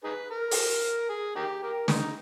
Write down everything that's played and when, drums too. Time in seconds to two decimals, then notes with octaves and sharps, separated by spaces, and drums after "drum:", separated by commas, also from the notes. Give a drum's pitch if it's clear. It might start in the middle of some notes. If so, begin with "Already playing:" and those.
0.04 D#4 G#4 B4
0.31 A#4
0.51 drum: open hi-hat
1.09 G#4
1.36 A#3 D#4 G4
1.63 G4 A#4
1.88 G#3 B3 D#4, drum: snare